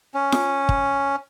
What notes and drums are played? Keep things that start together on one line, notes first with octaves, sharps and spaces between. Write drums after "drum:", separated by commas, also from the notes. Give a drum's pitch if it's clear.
C#4
drum: snare F4
drum: kick